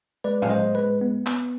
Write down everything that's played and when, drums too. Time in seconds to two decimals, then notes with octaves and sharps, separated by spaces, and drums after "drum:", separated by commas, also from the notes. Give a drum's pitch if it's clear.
0.24 G#3 B4 D5
0.42 F5, drum: tom
0.49 G#3 C5 D#5
0.75 G#3 B4
1.01 B3
1.27 B3, drum: clap